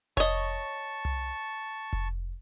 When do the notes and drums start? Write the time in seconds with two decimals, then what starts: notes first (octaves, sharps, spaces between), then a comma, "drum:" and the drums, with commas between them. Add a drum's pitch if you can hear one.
0.17 C#5 D#5 A5 C#6, drum: kick F1
1.05 drum: tom C2
1.93 drum: kick F1